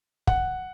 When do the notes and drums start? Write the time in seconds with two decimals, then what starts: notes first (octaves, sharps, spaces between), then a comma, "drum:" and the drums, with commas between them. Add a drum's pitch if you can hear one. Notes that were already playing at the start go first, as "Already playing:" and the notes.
0.27 F#5, drum: kick